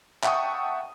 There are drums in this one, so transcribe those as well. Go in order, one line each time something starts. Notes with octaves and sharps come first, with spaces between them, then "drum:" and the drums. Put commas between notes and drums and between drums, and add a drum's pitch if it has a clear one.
E5 F#5 G5 A5 C#6 D#6, drum: clap